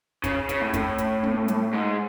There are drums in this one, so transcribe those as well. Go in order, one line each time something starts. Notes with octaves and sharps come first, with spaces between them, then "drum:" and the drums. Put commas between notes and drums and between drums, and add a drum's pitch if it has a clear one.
C#3, drum: kick, hi-hat
C#3, drum: hi-hat
A2
A2, drum: kick, hi-hat
drum: hi-hat
drum: tom
drum: hi-hat
G#2